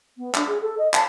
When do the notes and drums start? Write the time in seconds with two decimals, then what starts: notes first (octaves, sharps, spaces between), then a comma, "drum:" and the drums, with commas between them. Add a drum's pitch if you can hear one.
0.18 B3
0.34 D4, drum: clap
0.47 G#4
0.61 A4
0.78 D#5
0.94 A5, drum: clap